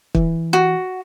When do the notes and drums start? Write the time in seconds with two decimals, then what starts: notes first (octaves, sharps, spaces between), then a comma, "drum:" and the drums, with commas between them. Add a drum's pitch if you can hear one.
0.15 E3, drum: kick
0.53 F#4